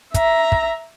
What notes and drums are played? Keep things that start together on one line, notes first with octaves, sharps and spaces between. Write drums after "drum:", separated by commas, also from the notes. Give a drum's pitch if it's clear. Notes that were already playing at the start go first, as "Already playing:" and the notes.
E5 A#5, drum: kick, hi-hat
drum: kick